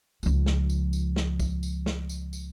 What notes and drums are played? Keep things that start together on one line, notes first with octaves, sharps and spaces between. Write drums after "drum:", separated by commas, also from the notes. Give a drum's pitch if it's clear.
C#2 F3, drum: tambourine
drum: snare
drum: tambourine
drum: tambourine
drum: snare
drum: kick, tambourine
drum: tambourine
drum: snare
drum: tambourine
drum: tambourine